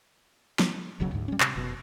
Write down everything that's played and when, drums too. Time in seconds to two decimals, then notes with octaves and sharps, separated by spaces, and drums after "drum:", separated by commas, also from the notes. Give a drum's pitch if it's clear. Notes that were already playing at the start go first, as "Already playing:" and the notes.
0.59 drum: snare
1.00 D#1 B1 C#3 F#3
1.11 D2 G#2
1.28 G3 C#4
1.40 C3, drum: clap
1.56 F1 B2